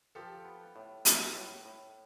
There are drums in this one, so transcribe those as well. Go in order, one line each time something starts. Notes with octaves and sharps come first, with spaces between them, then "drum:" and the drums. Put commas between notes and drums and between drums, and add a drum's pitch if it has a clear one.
F3 G4 A4
B3
A2
B3, drum: hi-hat
A2
A2